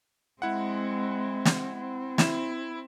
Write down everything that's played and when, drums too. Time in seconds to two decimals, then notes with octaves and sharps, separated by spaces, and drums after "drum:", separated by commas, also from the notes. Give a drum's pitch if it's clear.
0.42 G#3 C4 E4 F#5
1.45 drum: snare
1.79 C4
2.18 E4 E7, drum: snare